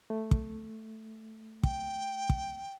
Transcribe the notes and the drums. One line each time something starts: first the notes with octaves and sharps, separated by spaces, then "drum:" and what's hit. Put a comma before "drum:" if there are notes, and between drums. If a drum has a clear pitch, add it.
A3
drum: kick
G5, drum: kick
drum: kick